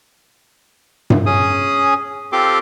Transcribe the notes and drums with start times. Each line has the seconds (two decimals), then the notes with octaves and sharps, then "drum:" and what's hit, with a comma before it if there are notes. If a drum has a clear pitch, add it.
1.10 drum: tom G2
1.26 C#4 G#4 D#6
2.32 C4 F4 G4 A4 C6 D6